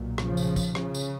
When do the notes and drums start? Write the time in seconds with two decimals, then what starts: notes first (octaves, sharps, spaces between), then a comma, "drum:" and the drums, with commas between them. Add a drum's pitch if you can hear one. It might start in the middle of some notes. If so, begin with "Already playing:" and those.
Already playing: B1 A#2
0.18 C#3 F3, drum: rim click
0.37 drum: tambourine
0.56 drum: kick, tambourine
0.75 C#3, drum: rim click
0.94 drum: tambourine